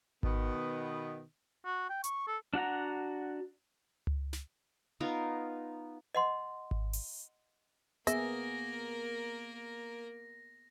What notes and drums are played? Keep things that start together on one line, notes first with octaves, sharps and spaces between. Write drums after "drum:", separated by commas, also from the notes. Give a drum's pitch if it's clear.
B2 D#3 B3, drum: kick G#1
F#4
G5
C#6, drum: hi-hat
A4
D4 F#4 F#5 A#5
drum: tom C#2
drum: snare
B3 D#4 F4 A#4
D#5 F#5 C6
drum: kick G#1
drum: open hi-hat
A#3 B3 G#4 A#4 E5 A#6, drum: hi-hat